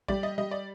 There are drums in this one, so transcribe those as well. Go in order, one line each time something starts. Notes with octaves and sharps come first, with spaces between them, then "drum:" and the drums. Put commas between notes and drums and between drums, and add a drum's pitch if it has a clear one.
G3 D5, drum: kick
D#5
G3 D#5
D5